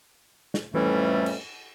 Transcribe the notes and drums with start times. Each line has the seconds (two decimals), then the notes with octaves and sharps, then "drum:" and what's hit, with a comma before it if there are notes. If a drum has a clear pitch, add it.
0.54 drum: snare
0.74 F2 A2 E3 G3 A3 C#4, drum: tom E3
1.26 drum: cymbal